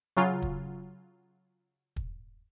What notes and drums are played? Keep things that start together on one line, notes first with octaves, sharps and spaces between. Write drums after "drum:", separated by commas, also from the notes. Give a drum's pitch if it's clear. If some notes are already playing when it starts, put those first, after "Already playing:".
C#3 F#3 F4
drum: kick
drum: kick